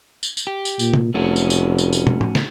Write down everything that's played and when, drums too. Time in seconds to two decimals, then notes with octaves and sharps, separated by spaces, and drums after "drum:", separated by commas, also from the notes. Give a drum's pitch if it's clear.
0.23 drum: tambourine
0.37 drum: tambourine
0.47 G4
0.65 drum: tambourine
0.79 A#2, drum: tambourine
0.94 drum: tom C3
1.14 F1 A3 C#4 F#4
1.36 drum: tambourine
1.50 drum: tambourine
1.78 drum: tambourine
1.93 drum: tambourine
2.07 drum: tom
2.21 drum: tom A2
2.35 drum: snare